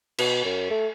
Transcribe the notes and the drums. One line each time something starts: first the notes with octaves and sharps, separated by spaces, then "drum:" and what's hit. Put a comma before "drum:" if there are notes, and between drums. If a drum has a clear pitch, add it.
B2, drum: cymbal
F#2
A3